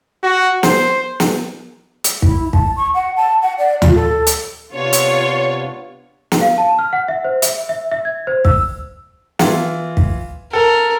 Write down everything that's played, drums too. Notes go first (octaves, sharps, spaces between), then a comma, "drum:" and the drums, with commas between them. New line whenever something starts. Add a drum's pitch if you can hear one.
F#4
C5, drum: snare
drum: snare
drum: hi-hat
E4, drum: kick
A5, drum: kick
C#6
F#5
A5
F#5
D5
F4, drum: tom D2
A4
drum: hi-hat
C3 B3 D4 F4 C#5
drum: hi-hat
drum: snare
F5
A5
F6
F#5
E5
C5
E5, drum: hi-hat
E5
E5
G#6
C5
E6, drum: kick
E3 F4, drum: snare
drum: kick
A4 A#4